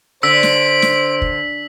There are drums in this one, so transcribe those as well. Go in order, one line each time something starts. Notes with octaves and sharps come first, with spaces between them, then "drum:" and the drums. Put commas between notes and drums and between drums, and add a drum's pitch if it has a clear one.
D3 C5 E6 B6 D7
drum: snare
drum: snare
drum: kick